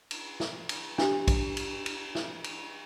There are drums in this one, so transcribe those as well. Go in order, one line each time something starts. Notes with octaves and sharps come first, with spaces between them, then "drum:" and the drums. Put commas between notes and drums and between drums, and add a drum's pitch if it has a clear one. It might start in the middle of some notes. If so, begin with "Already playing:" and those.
drum: cymbal
drum: snare
drum: cymbal
D4 G4, drum: snare
drum: kick, cymbal
drum: cymbal
drum: cymbal
drum: snare
drum: cymbal